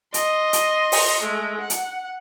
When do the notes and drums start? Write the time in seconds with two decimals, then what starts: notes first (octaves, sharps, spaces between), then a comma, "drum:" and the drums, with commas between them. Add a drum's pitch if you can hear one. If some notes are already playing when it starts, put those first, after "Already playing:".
0.14 D#5 C6, drum: hi-hat
0.53 drum: hi-hat
0.92 drum: open hi-hat
1.22 G#3 A3
1.60 F#5
1.70 drum: hi-hat